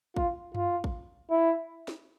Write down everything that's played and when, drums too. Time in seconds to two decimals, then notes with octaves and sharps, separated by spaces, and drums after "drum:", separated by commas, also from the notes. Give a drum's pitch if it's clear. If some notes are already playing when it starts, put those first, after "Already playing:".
0.16 F4, drum: kick
0.54 F4, drum: tom F#2
0.84 drum: kick
1.30 E4
1.88 drum: snare